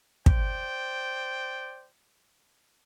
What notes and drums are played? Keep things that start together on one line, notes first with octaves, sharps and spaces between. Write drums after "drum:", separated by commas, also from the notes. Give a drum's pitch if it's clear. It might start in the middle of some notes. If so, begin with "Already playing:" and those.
C5 D5 G5, drum: kick